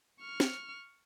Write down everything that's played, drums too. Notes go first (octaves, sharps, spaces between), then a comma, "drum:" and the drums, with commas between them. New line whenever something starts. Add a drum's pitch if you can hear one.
C#6 F6
drum: snare